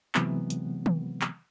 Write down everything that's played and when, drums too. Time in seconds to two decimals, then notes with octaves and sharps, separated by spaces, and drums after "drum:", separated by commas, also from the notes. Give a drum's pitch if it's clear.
0.15 C3 E3 F#3 G#3 B3 C4, drum: clap
0.50 drum: hi-hat
0.86 drum: tom D#3
1.21 drum: clap